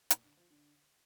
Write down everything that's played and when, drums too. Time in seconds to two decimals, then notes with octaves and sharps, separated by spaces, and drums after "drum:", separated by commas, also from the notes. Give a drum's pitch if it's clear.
0.10 A#2 A#3, drum: hi-hat
0.24 D3 D4
0.37 F3 F4
0.50 D3 D4